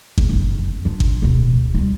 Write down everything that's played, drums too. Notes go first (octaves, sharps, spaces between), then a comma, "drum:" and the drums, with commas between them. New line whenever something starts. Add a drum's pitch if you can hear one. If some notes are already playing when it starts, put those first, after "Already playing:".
E2, drum: kick G#1
F#1 F2
D4 F4
drum: kick G#1
D1 B2
G3 F4